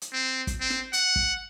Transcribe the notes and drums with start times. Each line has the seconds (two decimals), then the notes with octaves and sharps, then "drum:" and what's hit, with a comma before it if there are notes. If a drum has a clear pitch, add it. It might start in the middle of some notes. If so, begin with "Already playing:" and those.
0.02 drum: hi-hat
0.13 C4
0.47 drum: kick, hi-hat
0.61 C4
0.70 drum: snare
0.93 F#5, drum: hi-hat
1.16 drum: kick